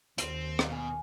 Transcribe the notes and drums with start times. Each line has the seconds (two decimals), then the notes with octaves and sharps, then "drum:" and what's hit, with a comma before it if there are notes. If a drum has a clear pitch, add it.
0.18 D#2 C4, drum: hi-hat
0.59 drum: rim click
0.68 B2 F5 G#5